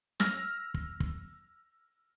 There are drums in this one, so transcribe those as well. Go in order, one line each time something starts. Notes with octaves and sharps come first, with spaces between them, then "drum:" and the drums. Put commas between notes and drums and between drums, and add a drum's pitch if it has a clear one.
E6 F6 A#6, drum: snare
drum: kick
drum: kick